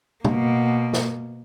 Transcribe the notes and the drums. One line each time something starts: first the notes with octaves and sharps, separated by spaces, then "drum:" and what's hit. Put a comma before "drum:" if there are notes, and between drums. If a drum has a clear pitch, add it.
B2 A#3, drum: tom
drum: snare